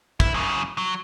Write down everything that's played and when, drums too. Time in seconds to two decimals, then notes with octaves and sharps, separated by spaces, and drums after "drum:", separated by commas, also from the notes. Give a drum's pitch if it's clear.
0.20 E4, drum: kick
0.34 F#2 C#3
0.78 F#3